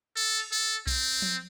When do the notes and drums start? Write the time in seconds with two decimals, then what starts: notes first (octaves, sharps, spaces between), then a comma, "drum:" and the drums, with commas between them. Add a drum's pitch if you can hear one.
0.16 A4
0.40 drum: open hi-hat
0.52 A4
0.87 C4, drum: kick B1
1.22 drum: tom F3